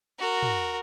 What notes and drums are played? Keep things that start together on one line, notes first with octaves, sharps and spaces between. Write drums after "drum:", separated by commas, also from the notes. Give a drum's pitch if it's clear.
F#4 A#4
drum: tom